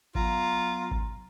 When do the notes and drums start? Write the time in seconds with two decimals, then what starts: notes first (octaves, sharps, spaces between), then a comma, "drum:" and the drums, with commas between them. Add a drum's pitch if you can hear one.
0.15 F#3 B3 F4 A#5, drum: kick G#1
0.91 drum: kick G#1